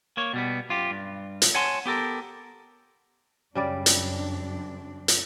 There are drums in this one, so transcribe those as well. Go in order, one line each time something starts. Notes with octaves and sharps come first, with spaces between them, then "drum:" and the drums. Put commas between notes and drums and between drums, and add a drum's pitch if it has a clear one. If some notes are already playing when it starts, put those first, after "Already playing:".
A#3 C#5
B2 G3 B3
F#2 F4 G4
G2
drum: hi-hat
C#5 F#5 G#5 A5 C6
B3 G4 A4 A#4
F#2 C#3 G3 C4 D4 D5
drum: hi-hat
drum: hi-hat